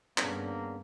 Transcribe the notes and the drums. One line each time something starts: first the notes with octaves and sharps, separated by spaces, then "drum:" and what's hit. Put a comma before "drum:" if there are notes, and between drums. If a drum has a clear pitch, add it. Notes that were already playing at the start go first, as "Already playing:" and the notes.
G2 D3 A#3 B3 C#4 D4 G#4, drum: clap